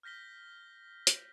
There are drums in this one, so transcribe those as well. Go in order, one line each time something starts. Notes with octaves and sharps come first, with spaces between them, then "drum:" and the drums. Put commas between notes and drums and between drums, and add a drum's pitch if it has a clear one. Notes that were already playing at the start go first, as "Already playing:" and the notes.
F6 G6 A#6 B6 G7
drum: hi-hat